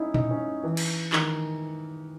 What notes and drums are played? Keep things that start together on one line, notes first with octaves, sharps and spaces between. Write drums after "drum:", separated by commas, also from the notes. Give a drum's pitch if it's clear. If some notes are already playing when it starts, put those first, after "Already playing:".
Already playing: C#4 D#4 E4
D#4, drum: tom A#2
C#4
E3
drum: cymbal
D#3, drum: clap